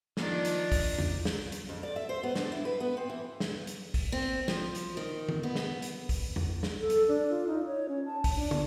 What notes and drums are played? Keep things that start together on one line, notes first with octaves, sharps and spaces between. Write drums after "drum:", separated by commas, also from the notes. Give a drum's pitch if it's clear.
D#3 F3 D4, drum: snare
drum: hi-hat
drum: kick, open hi-hat
drum: tom E2
drum: snare
drum: hi-hat
F2
D5
E5
C5
B3
D4, drum: snare
E4
B4
B3
C4
E3
drum: snare
drum: hi-hat
drum: kick, open hi-hat
C4
F3, drum: snare
drum: hi-hat
D#3
drum: tom D#3
B3
drum: snare
drum: hi-hat
drum: kick, open hi-hat
drum: tom E2
drum: snare
A4
drum: hi-hat
D4
F4
D#4
C#5
C#4
A5
drum: kick, open hi-hat
D4
drum: tom